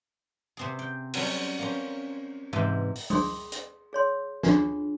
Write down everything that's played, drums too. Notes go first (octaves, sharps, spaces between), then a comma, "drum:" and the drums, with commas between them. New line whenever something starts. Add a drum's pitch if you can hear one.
C3 C4 G#4
G5
F#3 G3 C4 C#4 C#5, drum: cymbal
A#3 C4 C#4
G#2 C3 E3 G#3 G5
drum: open hi-hat
G#4 C6 D#6, drum: tom G3
drum: hi-hat
G#4 C#5 C6
D4 F4 G4 G#4, drum: snare